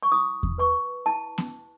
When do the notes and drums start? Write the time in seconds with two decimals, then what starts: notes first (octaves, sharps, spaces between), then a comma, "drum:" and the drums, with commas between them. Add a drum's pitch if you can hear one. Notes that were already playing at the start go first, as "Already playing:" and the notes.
0.03 C#6
0.12 E4 D#6
0.43 drum: kick E2
0.58 B4 C#6
1.06 E4 A5
1.38 drum: snare B3